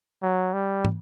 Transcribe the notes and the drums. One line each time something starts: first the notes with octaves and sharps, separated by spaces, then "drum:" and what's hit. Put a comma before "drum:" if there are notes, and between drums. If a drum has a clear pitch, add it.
F#3
G3
drum: tom